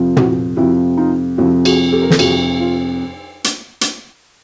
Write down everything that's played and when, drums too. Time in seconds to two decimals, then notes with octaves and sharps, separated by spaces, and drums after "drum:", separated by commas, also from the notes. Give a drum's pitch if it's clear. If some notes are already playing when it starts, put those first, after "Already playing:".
Already playing: F2 C3 F3
0.17 E4 F#4, drum: tom
0.57 F2 C3 F3 E4 F#4
0.97 D#4 F4
1.38 F2 C3 F3 E4 F#4
1.65 F#4 G#4, drum: cymbal
1.92 G4 A4
2.02 A#4
2.10 A4, drum: snare
2.19 F2 C3 F3 F#4 G#4, drum: cymbal
2.60 F4
3.44 drum: hi-hat
3.81 drum: hi-hat